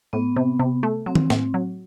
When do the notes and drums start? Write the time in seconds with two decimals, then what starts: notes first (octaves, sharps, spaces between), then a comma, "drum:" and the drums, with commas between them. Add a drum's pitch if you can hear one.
0.13 A2 B3
0.36 C3
0.59 C3
0.83 A3
1.06 F#3 C4
1.15 drum: tom D#3
1.30 A2, drum: snare A#3
1.54 F#3